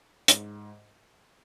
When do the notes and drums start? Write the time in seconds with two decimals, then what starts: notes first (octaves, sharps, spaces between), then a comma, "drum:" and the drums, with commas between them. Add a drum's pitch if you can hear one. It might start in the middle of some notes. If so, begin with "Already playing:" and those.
0.28 G#2, drum: hi-hat